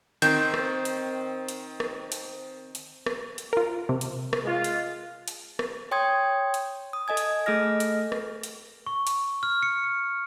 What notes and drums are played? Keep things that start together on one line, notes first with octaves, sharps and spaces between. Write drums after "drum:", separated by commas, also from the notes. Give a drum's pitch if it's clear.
D#3 C4 G6, drum: hi-hat
drum: rim click
drum: hi-hat
drum: hi-hat
drum: rim click
drum: hi-hat
drum: hi-hat
drum: rim click
drum: hi-hat
F4 A#4
C3
drum: hi-hat
drum: rim click
G#3 F4
drum: hi-hat
drum: hi-hat
drum: rim click
C#5 G5 C6 D#6 G#6
drum: hi-hat
D#6
A4 D#5 G#5 G#6
drum: hi-hat
A3 G#4 A4 D#5 F6 A#6
drum: hi-hat
drum: rim click
drum: hi-hat
C#6
drum: hi-hat
F6
C#7